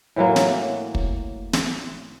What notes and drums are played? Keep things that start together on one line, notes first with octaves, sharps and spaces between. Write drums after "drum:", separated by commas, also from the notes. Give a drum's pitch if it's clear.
A2 E3 F#3 A#3
drum: snare
drum: kick
drum: snare